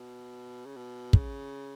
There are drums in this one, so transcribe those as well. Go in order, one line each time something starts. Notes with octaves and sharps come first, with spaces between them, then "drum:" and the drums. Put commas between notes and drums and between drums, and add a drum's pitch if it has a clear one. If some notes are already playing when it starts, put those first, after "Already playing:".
Already playing: B2
C#3
B2
C#3, drum: kick